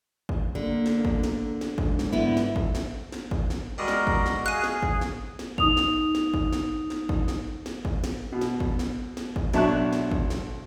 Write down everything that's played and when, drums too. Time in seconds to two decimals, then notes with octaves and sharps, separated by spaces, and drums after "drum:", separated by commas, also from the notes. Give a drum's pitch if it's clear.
0.29 drum: kick
0.55 D3 A#3
0.86 drum: snare
1.05 drum: kick
1.24 drum: snare
1.61 drum: snare
1.78 G#2, drum: kick
1.99 drum: snare
2.12 D3 B3 E4
2.37 drum: snare
2.56 drum: kick
2.75 drum: snare
3.12 drum: snare
3.31 drum: kick
3.50 drum: snare
3.78 G3 G#3 F#4 A#4 D#5
3.88 drum: snare
4.07 drum: kick
4.26 drum: snare
4.46 G#4 F5 F#6 D#7
4.64 drum: snare
4.82 drum: kick
5.01 drum: snare
5.39 drum: snare
5.58 D#4 D#6 F7, drum: kick
5.77 drum: snare
6.15 drum: snare
6.34 drum: kick
6.53 drum: snare
6.90 drum: snare
7.09 drum: kick
7.28 drum: snare
7.66 drum: snare
7.85 drum: kick
8.04 drum: snare
8.32 B2
8.41 drum: snare
8.60 drum: kick
8.79 drum: snare
9.17 drum: snare
9.36 drum: kick
9.53 B1 D4 E5 A5 C#6 F#6, drum: snare
9.93 drum: snare
10.11 drum: kick
10.30 drum: snare